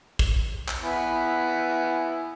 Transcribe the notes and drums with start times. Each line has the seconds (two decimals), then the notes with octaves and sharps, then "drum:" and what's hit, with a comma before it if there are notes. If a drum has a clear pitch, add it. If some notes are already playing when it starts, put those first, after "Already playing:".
0.19 drum: kick
0.68 drum: clap
0.82 B3 E4 G#5